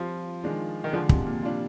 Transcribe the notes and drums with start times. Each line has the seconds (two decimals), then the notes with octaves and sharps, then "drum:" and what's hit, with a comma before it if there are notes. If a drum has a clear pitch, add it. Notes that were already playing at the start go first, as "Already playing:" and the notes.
Already playing: F3 G3 C4 F4
0.43 D#3 G#3 D4 F4
0.84 D#3
0.93 D3 F3 G#3 D4 F4
1.09 C3, drum: kick
1.27 A#2
1.43 G3 D4 F4